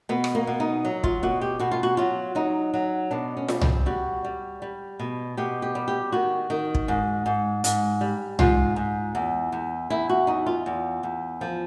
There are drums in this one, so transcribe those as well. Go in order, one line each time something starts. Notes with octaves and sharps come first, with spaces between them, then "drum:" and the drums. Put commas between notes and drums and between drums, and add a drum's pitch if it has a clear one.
B2 B3
drum: rim click
A#3
B2
D#4
F#3
F4, drum: kick
B2 F#4
G4
B2 F#4
F4
F#4
F#3 F4
F#3 D#4
F#3
B2 D4
C#4
G3, drum: snare F4
C4, drum: tom C2
G3 F#4
G3
G3
B2
B2 G4
G4
G3
G4
D#3 F#4
D#3
drum: kick
G#2
G#2
G#2, drum: hi-hat
G3
G#2 F4, drum: tom C2
G#2
E2
E2
E2 E4
F#4
E2 D#4
F4
E2
E2
F3